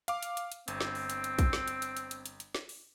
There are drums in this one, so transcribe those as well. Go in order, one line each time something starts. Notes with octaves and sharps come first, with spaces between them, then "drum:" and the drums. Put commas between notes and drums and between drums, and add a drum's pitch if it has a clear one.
F5 D6, drum: hi-hat
drum: hi-hat
drum: hi-hat
drum: hi-hat
G1 C4, drum: hi-hat
drum: snare
drum: open hi-hat
drum: hi-hat
drum: hi-hat
drum: kick A#1, hi-hat
drum: snare
drum: hi-hat
drum: hi-hat
drum: hi-hat
drum: hi-hat
drum: hi-hat
drum: hi-hat
drum: snare
drum: open hi-hat